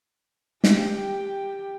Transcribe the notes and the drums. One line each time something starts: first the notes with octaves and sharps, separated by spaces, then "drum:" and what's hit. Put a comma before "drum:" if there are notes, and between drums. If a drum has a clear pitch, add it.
G4 G5, drum: snare